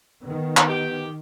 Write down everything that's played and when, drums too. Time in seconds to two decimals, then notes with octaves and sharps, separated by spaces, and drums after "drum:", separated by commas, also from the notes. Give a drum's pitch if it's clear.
0.24 D#3 B3
0.57 drum: clap
0.68 G4